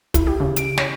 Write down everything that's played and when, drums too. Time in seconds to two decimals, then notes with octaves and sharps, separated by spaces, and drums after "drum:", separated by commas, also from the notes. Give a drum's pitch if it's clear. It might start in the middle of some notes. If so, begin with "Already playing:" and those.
0.14 E4, drum: kick, hi-hat
0.27 G4
0.40 C#3
0.56 D7, drum: hi-hat
0.78 C#5, drum: snare